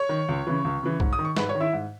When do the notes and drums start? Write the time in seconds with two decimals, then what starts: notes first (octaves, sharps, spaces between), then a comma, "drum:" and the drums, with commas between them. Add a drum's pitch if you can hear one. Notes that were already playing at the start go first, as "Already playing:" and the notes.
Already playing: C#5 C#6
0.09 D#3
0.28 C#2
0.47 C#3 E3
0.64 C#2
0.83 C#3 E3
1.00 G#2, drum: kick B1
1.13 D#6
1.19 D#3
1.25 C#6
1.37 G#2 B4 B5, drum: snare
1.49 C#5 C#6
1.55 D#3
1.60 E4 E5
1.73 G#2